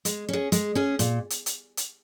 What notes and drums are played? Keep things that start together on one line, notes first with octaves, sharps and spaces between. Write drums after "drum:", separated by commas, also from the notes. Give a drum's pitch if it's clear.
G#3, drum: hi-hat
C#4 G#4
G#3, drum: hi-hat
C#4 G#4
A#2, drum: hi-hat
drum: hi-hat
drum: hi-hat
drum: hi-hat